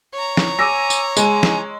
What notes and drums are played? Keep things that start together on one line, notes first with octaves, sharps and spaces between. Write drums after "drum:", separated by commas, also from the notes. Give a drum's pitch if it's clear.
C#5 A#5
drum: snare
G#5 D6 E6 A#6
drum: tambourine
G#3 G#5, drum: tambourine
drum: snare